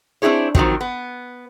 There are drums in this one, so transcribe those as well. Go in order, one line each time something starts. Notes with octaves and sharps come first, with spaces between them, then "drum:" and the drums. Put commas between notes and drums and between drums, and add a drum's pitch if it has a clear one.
C4 D4 E4 G#4 C#5
D#3 F3 F#3 C4, drum: kick
B3